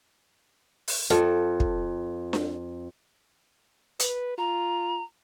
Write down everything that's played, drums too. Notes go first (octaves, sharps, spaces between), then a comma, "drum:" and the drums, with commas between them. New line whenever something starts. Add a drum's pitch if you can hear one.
drum: open hi-hat
F2 A4
drum: kick
drum: snare D4
B4, drum: hi-hat
F4 A#5